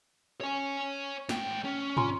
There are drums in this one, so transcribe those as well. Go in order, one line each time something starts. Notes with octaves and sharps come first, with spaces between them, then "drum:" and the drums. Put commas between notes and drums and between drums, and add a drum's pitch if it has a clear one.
C#5 G#5
G#2 G5, drum: snare
C#4
F4 G#5 C6, drum: tom